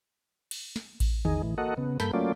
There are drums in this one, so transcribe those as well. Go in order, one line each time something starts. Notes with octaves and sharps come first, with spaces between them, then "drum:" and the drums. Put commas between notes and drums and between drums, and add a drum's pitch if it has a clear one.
drum: cymbal
drum: snare
drum: kick A1, cymbal
E2 D#4 G#4, drum: tom D3
A2 E3
A#3 F#4 A4 D#5 F#5
C#3 B3
G2 A#3 A4 B5 G6, drum: snare
F#3 A3 A#3 C#4 F4 D5